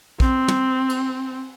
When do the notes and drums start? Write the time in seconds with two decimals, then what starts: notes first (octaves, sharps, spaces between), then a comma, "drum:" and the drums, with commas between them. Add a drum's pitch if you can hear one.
0.20 C4, drum: kick
0.48 drum: tom
0.90 drum: cymbal